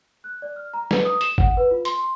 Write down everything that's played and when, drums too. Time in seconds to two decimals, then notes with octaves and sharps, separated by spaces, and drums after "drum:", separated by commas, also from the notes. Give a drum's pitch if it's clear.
0.24 F#6
0.42 D5
0.56 F6
0.74 A#5
0.91 B4, drum: snare
1.05 D#6
1.21 E7, drum: hi-hat
1.38 F#5, drum: kick G1
1.57 B4
1.71 F4
1.85 C6, drum: hi-hat